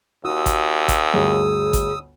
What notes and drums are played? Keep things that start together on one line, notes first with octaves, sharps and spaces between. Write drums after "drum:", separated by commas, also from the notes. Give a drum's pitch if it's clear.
D#2 F#4 D#6 E6
drum: kick G#1, hi-hat
drum: kick G#1, hi-hat
G1 D2 G#4
drum: kick G#1, hi-hat